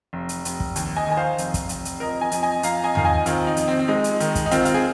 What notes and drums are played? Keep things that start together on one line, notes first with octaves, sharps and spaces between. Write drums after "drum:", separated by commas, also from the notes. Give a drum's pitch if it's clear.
F1
drum: hi-hat
F1, drum: hi-hat
drum: kick
D#2, drum: hi-hat
D#5 G#5
D#3 G#5
C5 F5
F1, drum: hi-hat
drum: kick, hi-hat
F1, drum: hi-hat
drum: hi-hat
F2 A#4 D#5
D#5 G#5
F2, drum: hi-hat
D#5 G#5
F2 F5 A#5, drum: hi-hat
D#5 G#5
D#3 F5, drum: tom
D#5 G#5
D#3 C4 F4, drum: hi-hat
D#4
F2, drum: hi-hat
C4
C4
G#3 D#4
drum: hi-hat
D#3, drum: hi-hat
drum: kick, hi-hat
D#4
D#3 C4 F4, drum: hi-hat
F4, drum: hi-hat
G#4